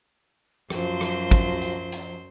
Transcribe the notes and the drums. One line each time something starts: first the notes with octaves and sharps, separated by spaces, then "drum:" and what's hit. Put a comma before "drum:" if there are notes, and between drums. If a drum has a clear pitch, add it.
F#2 F3 F#3 C5, drum: rim click
drum: rim click
drum: kick, hi-hat
drum: hi-hat
drum: hi-hat